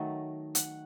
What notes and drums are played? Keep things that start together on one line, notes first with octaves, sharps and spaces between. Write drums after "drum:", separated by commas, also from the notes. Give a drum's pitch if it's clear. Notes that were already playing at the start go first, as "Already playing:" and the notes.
Already playing: D#3 F#3 A3 D#5
F#5, drum: hi-hat